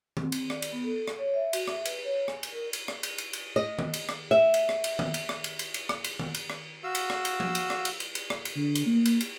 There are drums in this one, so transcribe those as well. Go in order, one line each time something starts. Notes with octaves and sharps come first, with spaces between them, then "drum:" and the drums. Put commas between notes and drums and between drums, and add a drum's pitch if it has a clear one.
C4, drum: tom D#3
drum: cymbal
D5, drum: rim click
drum: cymbal
B3
A4
drum: rim click
C#5
E5
F#4, drum: cymbal
E5, drum: rim click
B4, drum: cymbal
C#5
G#5, drum: rim click
drum: cymbal
A#4
drum: cymbal
drum: rim click
drum: cymbal
drum: cymbal
drum: cymbal
D#5
drum: tom D#3
drum: cymbal
drum: rim click
E5
drum: cymbal
drum: rim click
drum: cymbal
drum: tom D#3
drum: cymbal
drum: rim click
drum: cymbal
drum: cymbal
drum: cymbal
drum: rim click
drum: cymbal
drum: tom D#3
drum: cymbal
drum: rim click
F#4 F5 E6
drum: cymbal
drum: rim click
drum: cymbal
drum: tom F3
drum: cymbal
drum: rim click
drum: cymbal
drum: cymbal
drum: cymbal
drum: rim click
drum: cymbal
D3
drum: cymbal
A#3
drum: cymbal
drum: cymbal